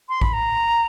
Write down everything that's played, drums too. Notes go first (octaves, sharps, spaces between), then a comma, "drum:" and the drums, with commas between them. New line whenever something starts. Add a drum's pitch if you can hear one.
C6
B5, drum: kick
A#5